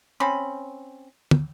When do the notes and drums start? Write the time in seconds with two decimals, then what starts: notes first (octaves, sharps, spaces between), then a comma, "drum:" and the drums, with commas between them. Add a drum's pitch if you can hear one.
0.20 C4 C#4 B5
1.31 drum: tom